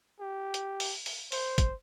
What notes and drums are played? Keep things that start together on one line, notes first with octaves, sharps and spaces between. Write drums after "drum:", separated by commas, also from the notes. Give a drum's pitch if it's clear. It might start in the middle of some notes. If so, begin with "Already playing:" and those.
G4
drum: hi-hat
drum: open hi-hat
drum: open hi-hat
C5, drum: open hi-hat
drum: kick, hi-hat